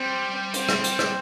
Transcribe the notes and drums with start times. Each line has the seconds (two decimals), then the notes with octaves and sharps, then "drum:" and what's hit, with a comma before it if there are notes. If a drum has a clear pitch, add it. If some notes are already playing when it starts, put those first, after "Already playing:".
Already playing: G3 C4
0.54 C4, drum: hi-hat
0.69 drum: rim click
0.84 drum: hi-hat
0.99 drum: rim click